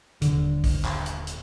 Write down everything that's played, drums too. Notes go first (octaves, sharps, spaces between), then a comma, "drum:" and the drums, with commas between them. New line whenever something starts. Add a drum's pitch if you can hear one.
D#1 D3, drum: hi-hat
drum: kick A1, open hi-hat
drum: clap
drum: hi-hat
drum: hi-hat